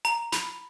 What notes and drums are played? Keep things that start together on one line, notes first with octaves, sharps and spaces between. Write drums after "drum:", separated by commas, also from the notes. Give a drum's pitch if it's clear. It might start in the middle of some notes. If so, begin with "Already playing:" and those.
A#5, drum: hi-hat
B5, drum: snare